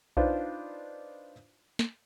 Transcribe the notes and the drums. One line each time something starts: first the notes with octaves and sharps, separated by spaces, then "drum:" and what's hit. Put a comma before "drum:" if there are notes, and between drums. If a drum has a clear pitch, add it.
D4 D#4 F4 B4 C5, drum: kick B1
drum: snare